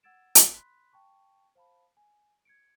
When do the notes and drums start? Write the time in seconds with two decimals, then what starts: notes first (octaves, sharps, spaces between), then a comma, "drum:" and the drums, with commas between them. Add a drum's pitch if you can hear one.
0.03 F#5 E6 G#6 A6 D7 E7
0.35 drum: hi-hat
0.53 B5 C6 F#6 B6
0.93 G5 A5 C#6
1.55 C5 F5 A5 B5
1.97 G#5
2.45 G#6 C#7 D7